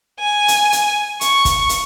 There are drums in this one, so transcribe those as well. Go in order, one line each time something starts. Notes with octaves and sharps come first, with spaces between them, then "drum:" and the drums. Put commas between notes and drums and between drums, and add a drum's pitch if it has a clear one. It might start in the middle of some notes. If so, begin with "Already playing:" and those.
G#5
drum: hi-hat
drum: hi-hat
C#6, drum: hi-hat
drum: kick, hi-hat
drum: hi-hat